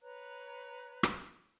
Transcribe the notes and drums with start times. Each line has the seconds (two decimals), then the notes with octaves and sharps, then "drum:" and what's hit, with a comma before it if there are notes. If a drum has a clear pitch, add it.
0.01 B4 C#5 A#5 F#6
1.03 drum: rim click